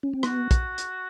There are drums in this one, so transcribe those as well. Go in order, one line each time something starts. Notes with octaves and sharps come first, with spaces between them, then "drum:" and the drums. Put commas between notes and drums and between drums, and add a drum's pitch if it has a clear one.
C#4
C4
B3 F#4, drum: rim click
drum: kick, hi-hat
drum: hi-hat